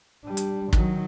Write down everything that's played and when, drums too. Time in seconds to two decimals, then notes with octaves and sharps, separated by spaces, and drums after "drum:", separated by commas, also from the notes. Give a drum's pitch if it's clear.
0.25 G3 D4
0.37 drum: hi-hat
0.73 D#3 F#3, drum: kick